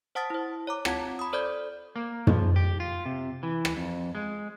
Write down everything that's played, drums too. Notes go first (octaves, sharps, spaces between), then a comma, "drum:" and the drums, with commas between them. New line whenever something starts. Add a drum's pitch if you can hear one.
C5 F#5 A5 D#6 F6 A6
E4 C5
C#5 A#5 D6
C4 F4 F#5 A5 G#6, drum: rim click
B5 D#6
A4 C5 D5 B5 G6 G#6
A#3
F3, drum: tom
G4
F4
C3
E3
drum: rim click
F2
G#3